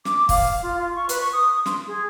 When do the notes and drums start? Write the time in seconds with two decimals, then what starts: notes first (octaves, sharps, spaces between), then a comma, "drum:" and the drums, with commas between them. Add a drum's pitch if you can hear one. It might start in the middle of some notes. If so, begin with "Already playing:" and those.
0.05 D6, drum: snare
0.29 F5, drum: kick, open hi-hat
0.63 F4
0.78 F4
0.96 C#6
1.09 B4, drum: hi-hat
1.20 C#6
1.33 D#6
1.66 C6, drum: snare
1.87 G#4